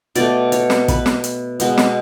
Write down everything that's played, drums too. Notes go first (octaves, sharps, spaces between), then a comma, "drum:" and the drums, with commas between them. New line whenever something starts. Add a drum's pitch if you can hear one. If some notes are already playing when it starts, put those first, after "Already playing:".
B2 A3 D5, drum: hi-hat
C#5, drum: hi-hat
drum: snare
B4, drum: kick, hi-hat
drum: snare
drum: hi-hat
B2 G#3 B3, drum: hi-hat
drum: snare